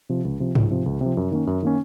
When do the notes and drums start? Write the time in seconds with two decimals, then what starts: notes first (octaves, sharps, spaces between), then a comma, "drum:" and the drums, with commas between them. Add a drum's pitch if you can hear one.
0.09 C3 F3
0.25 C#2
0.40 C3 F3
0.55 C#2, drum: tom G#2
0.71 C3 F3
0.86 C#2
1.01 C3 F3
1.17 F#2
1.32 D#3 A#3 C#4
1.47 F#2
1.63 D#3 A#3 C#4